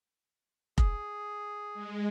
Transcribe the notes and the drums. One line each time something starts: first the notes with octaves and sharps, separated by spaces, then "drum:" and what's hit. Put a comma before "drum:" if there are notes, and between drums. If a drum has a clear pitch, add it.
G#4, drum: kick F1
G#3